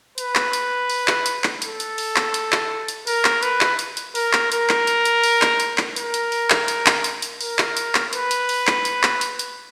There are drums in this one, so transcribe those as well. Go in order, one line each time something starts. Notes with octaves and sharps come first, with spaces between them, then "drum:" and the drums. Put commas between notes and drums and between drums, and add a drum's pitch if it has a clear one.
B4, drum: hi-hat
drum: clap
drum: hi-hat
drum: open hi-hat
drum: clap
drum: hi-hat
drum: clap
A4, drum: hi-hat
drum: hi-hat
drum: open hi-hat
drum: clap
drum: hi-hat
drum: clap
drum: hi-hat
A#4, drum: open hi-hat
drum: clap
B4, drum: hi-hat
drum: clap
drum: hi-hat
drum: hi-hat
A#4, drum: open hi-hat
drum: clap
A#4, drum: hi-hat
drum: clap
drum: hi-hat
drum: hi-hat
drum: open hi-hat
drum: clap
drum: hi-hat
drum: clap
A#4, drum: hi-hat
drum: hi-hat
drum: open hi-hat
drum: clap
drum: hi-hat
drum: clap
drum: hi-hat
drum: hi-hat
A#4, drum: open hi-hat
drum: clap
drum: hi-hat
drum: clap
B4, drum: hi-hat
drum: hi-hat
drum: open hi-hat
drum: clap
drum: hi-hat
drum: clap
drum: hi-hat
drum: hi-hat